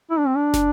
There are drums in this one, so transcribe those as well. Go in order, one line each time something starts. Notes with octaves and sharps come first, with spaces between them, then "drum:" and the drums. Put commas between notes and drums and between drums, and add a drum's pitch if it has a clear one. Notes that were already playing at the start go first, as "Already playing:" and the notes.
E4
D4
C4
D4
drum: snare